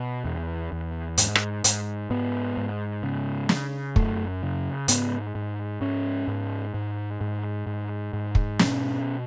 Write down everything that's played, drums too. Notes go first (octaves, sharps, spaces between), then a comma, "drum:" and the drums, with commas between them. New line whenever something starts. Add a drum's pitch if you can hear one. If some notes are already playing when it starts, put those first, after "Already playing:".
Already playing: B2
E2
E2
G#2, drum: hi-hat
drum: rim click
G#2, drum: hi-hat
G#2 B3
G#2
C#3
C#3, drum: snare
F#2 A3, drum: kick
C#3
G#2 B3, drum: hi-hat
G#2
G#2 C#4
G#2
G#2
G#2
G#2
G#2
drum: kick
B2 C#4, drum: snare